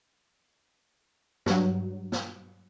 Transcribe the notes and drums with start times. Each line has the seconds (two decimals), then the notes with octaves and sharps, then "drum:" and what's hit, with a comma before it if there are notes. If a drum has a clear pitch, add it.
1.46 G2 F#3, drum: snare
2.12 drum: snare